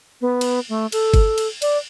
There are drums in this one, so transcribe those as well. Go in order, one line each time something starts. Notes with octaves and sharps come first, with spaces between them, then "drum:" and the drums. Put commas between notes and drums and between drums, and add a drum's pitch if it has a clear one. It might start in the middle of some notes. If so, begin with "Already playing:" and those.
B3
drum: cymbal
A3
A4, drum: cymbal
drum: kick, cymbal
drum: cymbal
D5, drum: cymbal